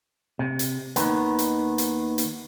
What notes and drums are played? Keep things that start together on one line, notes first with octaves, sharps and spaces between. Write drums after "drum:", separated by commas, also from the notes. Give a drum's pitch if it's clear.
C3
drum: hi-hat
D#2 G#2 D#3 B3, drum: hi-hat
drum: hi-hat
drum: hi-hat
drum: hi-hat